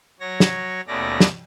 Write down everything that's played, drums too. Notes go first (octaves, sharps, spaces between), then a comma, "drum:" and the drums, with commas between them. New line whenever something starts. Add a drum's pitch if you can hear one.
F#3 C#5 A#6
drum: snare
D#2 B2 A3 C#4 D5 A#6
drum: snare